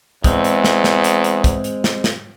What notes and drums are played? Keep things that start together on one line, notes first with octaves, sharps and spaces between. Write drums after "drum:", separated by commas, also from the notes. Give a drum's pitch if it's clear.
E2 G#3 C4, drum: kick, hi-hat
drum: hi-hat
drum: snare
drum: snare
drum: hi-hat
drum: hi-hat
drum: kick, hi-hat
drum: hi-hat
drum: snare
drum: snare